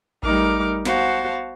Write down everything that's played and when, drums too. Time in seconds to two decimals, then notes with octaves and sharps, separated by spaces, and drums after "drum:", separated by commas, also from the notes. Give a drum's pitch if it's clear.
0.23 G3 A3 D#4 A#4 D6 F6, drum: kick A1
0.85 B3 F#4 C5 F5 A5, drum: snare